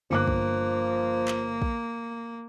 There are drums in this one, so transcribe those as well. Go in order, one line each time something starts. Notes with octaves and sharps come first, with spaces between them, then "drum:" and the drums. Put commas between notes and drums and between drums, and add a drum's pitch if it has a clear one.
G1 F3 A#3 D6 F#6
drum: kick
drum: clap
drum: kick